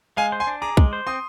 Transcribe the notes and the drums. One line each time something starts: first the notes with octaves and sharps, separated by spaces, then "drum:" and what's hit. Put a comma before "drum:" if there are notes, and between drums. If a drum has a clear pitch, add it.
G#3 F5 G#5
C5
G#5 C6
D4
G#4 A#5 D6
G#3, drum: kick
C5
C4 C6 D#6